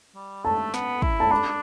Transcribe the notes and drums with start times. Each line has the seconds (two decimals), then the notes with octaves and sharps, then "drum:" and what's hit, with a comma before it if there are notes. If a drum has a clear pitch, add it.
0.15 G3
0.44 A3 A5
0.74 B3, drum: snare
1.02 E4, drum: kick
1.20 A5
1.31 D4 B5